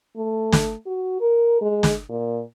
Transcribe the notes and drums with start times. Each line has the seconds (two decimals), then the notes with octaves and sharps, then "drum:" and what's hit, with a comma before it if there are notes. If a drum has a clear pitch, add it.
0.16 A3
0.52 drum: snare
0.86 F#4
1.20 A#4
1.61 G#3
1.83 drum: snare
2.09 A#2